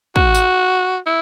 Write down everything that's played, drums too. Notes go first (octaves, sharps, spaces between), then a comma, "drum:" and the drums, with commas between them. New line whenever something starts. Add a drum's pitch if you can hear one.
F#4, drum: kick
drum: tambourine
E4